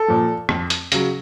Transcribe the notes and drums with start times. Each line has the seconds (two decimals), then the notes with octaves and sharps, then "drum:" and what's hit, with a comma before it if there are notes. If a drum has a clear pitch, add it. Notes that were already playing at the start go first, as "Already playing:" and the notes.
Already playing: A4
0.08 A#2 F3
0.49 F2, drum: rim click
0.70 drum: hi-hat
0.92 C#3 F#3, drum: hi-hat